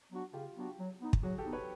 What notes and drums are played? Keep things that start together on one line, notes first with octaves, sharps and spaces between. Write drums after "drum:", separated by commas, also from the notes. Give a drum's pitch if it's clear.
F#3 B3 D4 F#4
C#3 F4 G4
F#3 B3 D4 F#4
F#3
B3 D#4
drum: kick
F#3 F#4 G#4
G4 A4
B3 D#4
B4 C#5